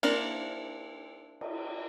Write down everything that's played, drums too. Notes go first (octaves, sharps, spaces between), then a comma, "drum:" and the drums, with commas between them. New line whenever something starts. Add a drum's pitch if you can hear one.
A#3 C4 D4 E4, drum: cymbal
drum: cymbal